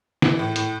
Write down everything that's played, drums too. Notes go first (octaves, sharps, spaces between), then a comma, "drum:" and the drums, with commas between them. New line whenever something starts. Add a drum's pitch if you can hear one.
E3 E4, drum: snare
A2
A2, drum: hi-hat